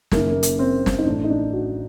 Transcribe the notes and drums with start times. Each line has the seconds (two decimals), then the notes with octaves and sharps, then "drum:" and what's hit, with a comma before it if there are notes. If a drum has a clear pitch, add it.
0.11 F#1 F#2 D#3 A#3, drum: snare
0.32 A#3
0.43 drum: hi-hat
0.59 C4
0.86 drum: snare
0.99 D#4
1.06 A1 A2 D4
1.24 D#4
1.30 D4
1.53 F#4